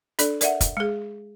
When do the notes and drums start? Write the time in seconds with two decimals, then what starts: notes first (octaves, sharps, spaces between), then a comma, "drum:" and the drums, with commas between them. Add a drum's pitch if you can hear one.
0.19 D4 A4 D5, drum: hi-hat
0.41 A#4 D5 E5 F#5, drum: hi-hat
0.61 drum: kick, hi-hat
0.77 G#3 G#4